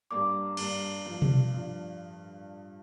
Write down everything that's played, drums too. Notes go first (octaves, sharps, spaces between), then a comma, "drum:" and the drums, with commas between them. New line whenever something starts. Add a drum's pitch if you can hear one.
G2 G3 A#3 D4 D6
G2 G3 A#3 D4, drum: cymbal
G2 F3 D4
drum: tom B2
G2 F3 D4